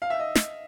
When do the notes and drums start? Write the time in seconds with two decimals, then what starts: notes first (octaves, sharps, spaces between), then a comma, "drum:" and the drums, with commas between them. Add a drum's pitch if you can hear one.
0.02 F5
0.10 E5
0.19 D#5
0.35 drum: snare